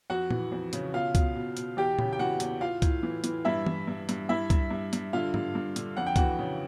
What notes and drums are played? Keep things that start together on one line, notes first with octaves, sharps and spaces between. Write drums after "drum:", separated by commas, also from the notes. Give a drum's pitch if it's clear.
F2 F#4 F#5
E3, drum: tom A#2
F2
C#3, drum: hi-hat
B2 F4 F5
B2, drum: kick, hi-hat
B2
B2, drum: hi-hat
E2 G4 G5
C#3, drum: tom A#2
G5
E3 F#4 F#5
E2, drum: hi-hat
A2 F4 F5
A2, drum: kick, hi-hat
E3
E3, drum: hi-hat
G2 E4 E5
E3, drum: tom
G2
G2, drum: hi-hat
G2 E4 E5
G2, drum: kick, hi-hat
G2
G2, drum: hi-hat
D3 F4 F5
G2, drum: tom G#2
G2
D3, drum: hi-hat
F2 F#5
G5
E3 F#4 F#5, drum: kick, hi-hat
C#3